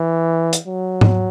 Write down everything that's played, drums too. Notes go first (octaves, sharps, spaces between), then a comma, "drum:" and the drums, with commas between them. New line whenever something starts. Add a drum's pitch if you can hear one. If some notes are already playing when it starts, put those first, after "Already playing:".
Already playing: E3
drum: hi-hat
F#3
drum: tom